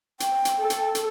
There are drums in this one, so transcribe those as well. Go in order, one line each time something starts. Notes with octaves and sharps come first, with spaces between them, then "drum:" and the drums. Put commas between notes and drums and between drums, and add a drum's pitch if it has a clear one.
G5, drum: hi-hat
drum: hi-hat
A4
drum: hi-hat
drum: hi-hat